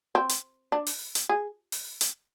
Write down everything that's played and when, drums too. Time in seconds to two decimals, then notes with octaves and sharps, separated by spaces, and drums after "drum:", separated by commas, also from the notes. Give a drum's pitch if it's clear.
0.15 C4
0.29 drum: hi-hat
0.72 D4
0.87 drum: open hi-hat
1.15 drum: hi-hat
1.29 G#4
1.72 drum: open hi-hat
2.01 drum: hi-hat